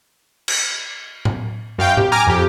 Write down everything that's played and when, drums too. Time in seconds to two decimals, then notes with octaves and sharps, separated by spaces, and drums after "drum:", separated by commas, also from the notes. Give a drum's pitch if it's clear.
0.48 drum: cymbal
1.25 drum: tom A2
1.78 F#2 F5 G5 G6
1.97 G4, drum: tom A2
2.12 G#5 A#5 D6 F6
2.27 F2 G4